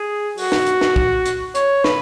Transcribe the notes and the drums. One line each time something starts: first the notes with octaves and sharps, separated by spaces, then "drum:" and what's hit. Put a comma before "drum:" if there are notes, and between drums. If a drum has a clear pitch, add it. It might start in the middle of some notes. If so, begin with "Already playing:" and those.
Already playing: G#4
F#4, drum: open hi-hat
drum: snare
drum: hi-hat
drum: snare
drum: kick
drum: hi-hat
C#5, drum: hi-hat
B4, drum: snare